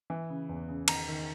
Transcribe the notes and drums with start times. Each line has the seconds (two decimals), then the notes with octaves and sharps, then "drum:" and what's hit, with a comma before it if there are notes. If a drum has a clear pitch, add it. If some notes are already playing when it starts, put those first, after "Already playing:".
0.10 E3
0.30 C#3
0.49 E2
0.68 C#3
0.88 D#3 A#5, drum: cymbal
1.08 D#3